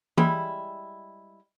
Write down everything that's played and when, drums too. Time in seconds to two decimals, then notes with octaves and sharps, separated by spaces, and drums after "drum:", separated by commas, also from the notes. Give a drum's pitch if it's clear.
0.18 G3 G#3 E4, drum: tom E3